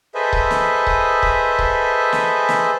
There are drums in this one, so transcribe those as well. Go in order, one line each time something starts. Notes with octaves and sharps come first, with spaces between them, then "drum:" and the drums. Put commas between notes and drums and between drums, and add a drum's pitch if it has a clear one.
G#4 A4 B4 C5 D#5 E5
drum: kick C#1
drum: snare
drum: kick C#1
drum: kick C#1
drum: kick C#1
drum: snare
drum: snare